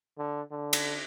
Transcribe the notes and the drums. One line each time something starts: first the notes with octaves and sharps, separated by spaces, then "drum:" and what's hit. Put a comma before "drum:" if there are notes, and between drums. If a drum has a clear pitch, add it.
D3
D3
drum: cymbal